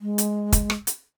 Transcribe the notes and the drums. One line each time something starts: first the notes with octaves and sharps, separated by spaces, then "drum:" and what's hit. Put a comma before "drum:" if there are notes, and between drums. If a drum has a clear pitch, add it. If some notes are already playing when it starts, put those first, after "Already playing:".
G#3
drum: hi-hat
drum: kick, hi-hat
drum: rim click
drum: hi-hat